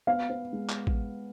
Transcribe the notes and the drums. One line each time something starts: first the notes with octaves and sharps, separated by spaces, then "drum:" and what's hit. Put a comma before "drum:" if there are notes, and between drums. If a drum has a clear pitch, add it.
B3 F5
B3
G#3
drum: clap
drum: kick